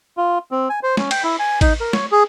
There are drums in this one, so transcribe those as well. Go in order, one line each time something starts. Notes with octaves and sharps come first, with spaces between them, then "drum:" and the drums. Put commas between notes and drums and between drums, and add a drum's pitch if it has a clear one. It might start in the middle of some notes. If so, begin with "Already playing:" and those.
F4
C4
G#5
C5
C#4, drum: snare
G5, drum: cymbal
E4
G#5
D#4, drum: kick A1, cymbal
A#4
C#5, drum: snare
G#4